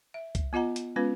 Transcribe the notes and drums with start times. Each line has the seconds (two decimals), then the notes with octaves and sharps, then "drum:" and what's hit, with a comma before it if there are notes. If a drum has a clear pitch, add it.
0.14 E5
0.35 drum: kick C2, hi-hat
0.53 B3 F4 D#5 F#5 A#5
0.76 drum: hi-hat
0.96 G#3 B3 C#4 F4 B4